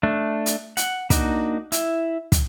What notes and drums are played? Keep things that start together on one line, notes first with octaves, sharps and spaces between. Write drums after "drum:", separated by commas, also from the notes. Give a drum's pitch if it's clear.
A3 D4
drum: hi-hat
F#5, drum: hi-hat
A#3 D4 D#4 F#4, drum: kick, hi-hat
E4, drum: hi-hat
drum: kick, hi-hat